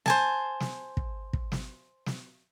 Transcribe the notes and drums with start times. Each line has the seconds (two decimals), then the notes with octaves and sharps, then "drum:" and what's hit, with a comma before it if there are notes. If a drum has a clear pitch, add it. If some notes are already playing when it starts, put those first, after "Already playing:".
0.06 C5 G#5 A5, drum: snare
0.60 drum: snare
0.97 drum: kick
1.33 drum: kick
1.52 drum: snare
2.06 drum: snare